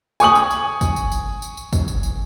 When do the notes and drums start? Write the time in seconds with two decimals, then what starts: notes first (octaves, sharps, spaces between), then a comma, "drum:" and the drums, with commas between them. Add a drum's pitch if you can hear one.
0.20 G#5 C#6 D#6 F#7, drum: tambourine
0.35 drum: tambourine
0.51 drum: tambourine
0.81 drum: kick, tambourine
0.96 drum: tambourine
1.12 drum: tambourine
1.42 drum: tambourine
1.57 drum: tambourine
1.73 drum: kick, tambourine
1.88 drum: tambourine
2.03 drum: tambourine